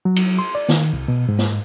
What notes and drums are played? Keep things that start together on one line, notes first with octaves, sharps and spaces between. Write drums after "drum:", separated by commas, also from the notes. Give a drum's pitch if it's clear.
F#3
drum: cymbal
C6
D5
D#3, drum: snare
C2
B2
G#2
drum: snare